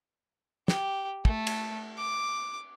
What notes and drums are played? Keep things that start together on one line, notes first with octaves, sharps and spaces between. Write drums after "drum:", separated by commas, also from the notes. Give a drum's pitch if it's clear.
G4, drum: snare
A3, drum: kick
drum: cymbal
D6